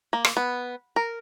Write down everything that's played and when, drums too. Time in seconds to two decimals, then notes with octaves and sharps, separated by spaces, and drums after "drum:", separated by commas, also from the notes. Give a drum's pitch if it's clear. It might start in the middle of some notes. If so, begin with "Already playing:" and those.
0.13 A#3
0.25 drum: rim click
0.37 B3
0.96 A#4